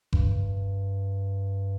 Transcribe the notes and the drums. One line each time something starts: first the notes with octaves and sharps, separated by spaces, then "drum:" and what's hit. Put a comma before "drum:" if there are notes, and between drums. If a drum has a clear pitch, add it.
G2, drum: kick F#1